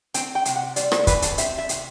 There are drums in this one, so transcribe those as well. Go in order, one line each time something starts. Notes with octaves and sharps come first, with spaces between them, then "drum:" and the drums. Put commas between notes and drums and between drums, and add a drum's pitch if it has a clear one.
C4 G5, drum: hi-hat
G5
C3, drum: hi-hat
F#5
G3 D5, drum: hi-hat
C5, drum: rim click
E3 B4, drum: kick, hi-hat
A4, drum: hi-hat
C4 E5, drum: hi-hat
E5
C3, drum: hi-hat